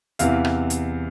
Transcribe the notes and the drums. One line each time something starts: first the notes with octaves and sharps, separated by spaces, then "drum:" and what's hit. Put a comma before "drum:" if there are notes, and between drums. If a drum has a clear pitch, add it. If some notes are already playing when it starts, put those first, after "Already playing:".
E2 C3 E3 F5, drum: hi-hat
drum: rim click
drum: hi-hat